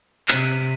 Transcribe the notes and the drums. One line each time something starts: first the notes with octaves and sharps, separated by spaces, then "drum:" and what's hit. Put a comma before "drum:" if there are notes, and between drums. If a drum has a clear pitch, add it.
C3 F#6 B6 D#7 F#7, drum: clap